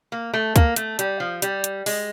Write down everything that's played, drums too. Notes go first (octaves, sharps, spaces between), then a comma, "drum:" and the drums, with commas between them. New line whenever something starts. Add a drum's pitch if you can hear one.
A#3
A3
A#3, drum: kick C#2, hi-hat
A3, drum: hi-hat
G3, drum: hi-hat
F3
G3, drum: hi-hat
drum: hi-hat
G#3, drum: open hi-hat